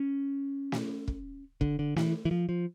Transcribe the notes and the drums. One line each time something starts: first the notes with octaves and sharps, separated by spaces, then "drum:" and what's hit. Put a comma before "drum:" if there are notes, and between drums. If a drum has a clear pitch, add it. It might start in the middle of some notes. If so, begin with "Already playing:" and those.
Already playing: C#4
drum: snare
drum: kick
D3, drum: kick
D3
E3, drum: snare
E3
F3
F3